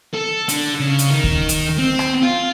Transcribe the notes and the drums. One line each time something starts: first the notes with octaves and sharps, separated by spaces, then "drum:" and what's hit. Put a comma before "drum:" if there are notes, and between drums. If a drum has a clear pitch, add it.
A4
D3, drum: hi-hat
C#3
drum: hi-hat
D#3
drum: kick D2
drum: hi-hat
C4
drum: rim click
F4